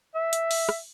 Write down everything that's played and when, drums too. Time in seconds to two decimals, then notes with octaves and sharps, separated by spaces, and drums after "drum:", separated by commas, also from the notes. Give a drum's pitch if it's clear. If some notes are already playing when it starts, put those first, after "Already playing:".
0.15 E5
0.33 drum: hi-hat
0.51 drum: open hi-hat
0.69 drum: rim click